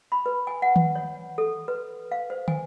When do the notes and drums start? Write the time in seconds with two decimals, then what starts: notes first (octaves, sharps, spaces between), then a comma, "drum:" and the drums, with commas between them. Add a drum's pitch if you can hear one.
0.12 B5
0.26 B4
0.47 G#5
0.62 F#5
0.76 drum: tom D#3
0.95 C#5
1.38 A4
1.68 B4
2.12 F5
2.30 C5
2.48 G#5, drum: tom